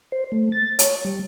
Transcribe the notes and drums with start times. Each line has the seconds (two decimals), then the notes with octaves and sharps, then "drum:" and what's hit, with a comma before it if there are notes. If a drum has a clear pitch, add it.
0.12 C5
0.32 A3
0.52 A6
0.79 C#5, drum: hi-hat
1.05 G3